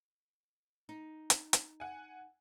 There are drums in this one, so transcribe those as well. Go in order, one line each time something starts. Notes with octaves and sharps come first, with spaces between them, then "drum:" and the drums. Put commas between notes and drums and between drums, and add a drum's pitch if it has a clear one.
D#4
drum: hi-hat
drum: hi-hat
F#5 G#5